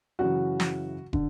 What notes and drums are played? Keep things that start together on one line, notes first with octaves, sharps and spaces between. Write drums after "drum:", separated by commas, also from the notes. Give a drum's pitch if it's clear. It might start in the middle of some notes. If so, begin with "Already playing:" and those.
F#2 C#3 E3 F#4
drum: snare
D3, drum: kick